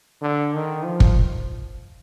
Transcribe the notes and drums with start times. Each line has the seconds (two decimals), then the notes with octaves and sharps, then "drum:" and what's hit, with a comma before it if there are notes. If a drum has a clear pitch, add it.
0.22 D3
0.54 D#3
0.84 F3
1.00 drum: kick